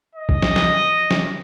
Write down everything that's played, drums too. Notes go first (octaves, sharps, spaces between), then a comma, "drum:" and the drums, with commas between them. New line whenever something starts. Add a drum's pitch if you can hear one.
D#5
drum: kick
drum: snare
drum: snare
drum: snare